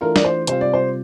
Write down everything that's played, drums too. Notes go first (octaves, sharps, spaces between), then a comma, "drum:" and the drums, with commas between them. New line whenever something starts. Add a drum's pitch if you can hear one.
E3 A3 D4 F4 A#4
D5, drum: snare
C5
C3 G3 C4 F4 C5, drum: hi-hat
D5
C5